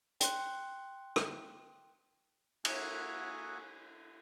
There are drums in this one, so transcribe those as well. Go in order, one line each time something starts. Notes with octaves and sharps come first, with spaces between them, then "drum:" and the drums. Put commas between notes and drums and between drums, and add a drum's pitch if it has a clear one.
G5 C6 F#6, drum: hi-hat
drum: rim click
A#3 F#4 G#4 E5 F#5 G#5, drum: cymbal